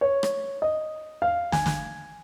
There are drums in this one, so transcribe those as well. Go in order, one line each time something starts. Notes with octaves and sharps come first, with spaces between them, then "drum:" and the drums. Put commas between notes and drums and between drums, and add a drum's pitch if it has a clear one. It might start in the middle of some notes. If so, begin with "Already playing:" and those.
C#5
drum: rim click
D#5
F5
G#5, drum: snare
drum: snare